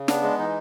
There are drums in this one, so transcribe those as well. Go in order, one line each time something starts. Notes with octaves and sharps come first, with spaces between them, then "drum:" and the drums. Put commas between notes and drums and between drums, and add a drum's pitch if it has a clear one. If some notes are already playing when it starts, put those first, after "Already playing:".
Already playing: C#3
B3 D4, drum: snare
G#3
E3 D#4